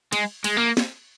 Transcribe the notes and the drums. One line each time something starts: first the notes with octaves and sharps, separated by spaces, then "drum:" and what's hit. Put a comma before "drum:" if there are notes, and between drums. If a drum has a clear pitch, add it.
G#3, drum: cymbal
G#3, drum: cymbal
A#3
drum: snare